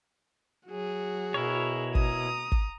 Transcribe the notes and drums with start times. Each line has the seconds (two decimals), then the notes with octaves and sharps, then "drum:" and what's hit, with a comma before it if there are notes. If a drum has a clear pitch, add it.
0.68 F#3 F#4 G#4
1.34 B2 E4 A#4 C#5
1.95 A#5 D#6, drum: kick
2.52 drum: kick